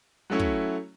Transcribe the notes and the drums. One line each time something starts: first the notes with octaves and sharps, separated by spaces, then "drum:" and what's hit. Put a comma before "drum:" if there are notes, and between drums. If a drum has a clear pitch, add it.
F#3 A3 C#4 E4
drum: kick